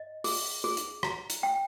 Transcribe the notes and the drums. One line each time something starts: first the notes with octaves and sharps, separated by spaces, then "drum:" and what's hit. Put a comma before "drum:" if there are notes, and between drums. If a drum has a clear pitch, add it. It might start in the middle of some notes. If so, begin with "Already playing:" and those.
Already playing: D#5
G#4, drum: open hi-hat
G#4
drum: hi-hat
A#5, drum: rim click
drum: hi-hat
G5